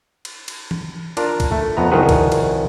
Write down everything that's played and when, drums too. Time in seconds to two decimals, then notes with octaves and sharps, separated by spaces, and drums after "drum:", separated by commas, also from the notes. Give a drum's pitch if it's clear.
0.25 drum: cymbal
0.48 drum: cymbal
0.71 drum: tom E3
1.17 D4 F4 A#4, drum: cymbal
1.40 drum: kick, cymbal
1.52 A3
1.77 F2 B3 A#5
1.91 C2 D#3 F3 F#4 G#4 B4
2.09 drum: kick, cymbal
2.32 drum: cymbal